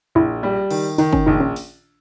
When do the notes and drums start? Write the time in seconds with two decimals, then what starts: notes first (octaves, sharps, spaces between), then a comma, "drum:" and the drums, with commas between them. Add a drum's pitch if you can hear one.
0.15 A#1 E4
0.43 G3
0.71 D#3, drum: cymbal
0.98 D#3 D#4, drum: open hi-hat
1.13 C#4, drum: kick F#1
1.27 A#1 D#4
1.40 C#4
1.56 drum: open hi-hat